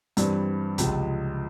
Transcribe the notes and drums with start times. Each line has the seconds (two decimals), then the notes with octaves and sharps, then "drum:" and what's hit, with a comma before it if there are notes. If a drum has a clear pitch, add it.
0.17 G2 E3 G3 C4, drum: hi-hat
0.78 C#2 C3 F3 G#3, drum: kick, hi-hat